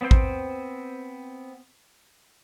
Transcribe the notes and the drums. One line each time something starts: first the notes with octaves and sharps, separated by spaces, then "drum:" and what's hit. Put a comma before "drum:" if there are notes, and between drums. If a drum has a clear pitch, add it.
B3 C4 C5 G5
drum: kick A1